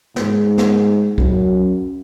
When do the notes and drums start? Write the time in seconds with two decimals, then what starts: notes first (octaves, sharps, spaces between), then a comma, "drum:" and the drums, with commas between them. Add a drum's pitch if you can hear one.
0.16 G#2, drum: snare
0.58 drum: snare
1.18 F#2, drum: kick